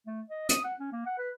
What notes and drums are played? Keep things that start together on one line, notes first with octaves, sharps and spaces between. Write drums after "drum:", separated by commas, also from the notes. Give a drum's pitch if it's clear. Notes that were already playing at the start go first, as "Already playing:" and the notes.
A3
D#5
D#6, drum: hi-hat
F#5
C#4
A#3
F#5
B4